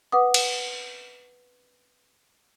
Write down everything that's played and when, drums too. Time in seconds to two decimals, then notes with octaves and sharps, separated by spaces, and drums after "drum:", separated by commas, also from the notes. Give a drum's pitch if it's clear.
0.12 B4 F#5 D6 D#6
0.34 drum: cymbal